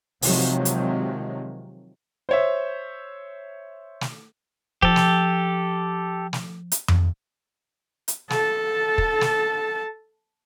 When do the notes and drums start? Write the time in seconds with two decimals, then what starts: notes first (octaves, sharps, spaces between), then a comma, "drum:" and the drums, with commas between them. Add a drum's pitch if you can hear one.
0.22 C3 D#3 F3 F#3 G#3, drum: open hi-hat
0.65 drum: hi-hat
2.29 C5 C#5 E5
4.01 drum: snare
4.82 F3 G4 A4, drum: kick
4.96 drum: snare
6.33 drum: snare
6.72 drum: hi-hat
6.88 drum: tom F2
8.08 drum: hi-hat
8.30 A4 A5, drum: snare
8.98 drum: kick
9.21 drum: snare